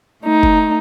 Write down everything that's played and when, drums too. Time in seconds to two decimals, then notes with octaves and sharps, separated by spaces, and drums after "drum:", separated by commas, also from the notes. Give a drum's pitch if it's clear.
0.23 A3 D#4
0.43 drum: kick F#1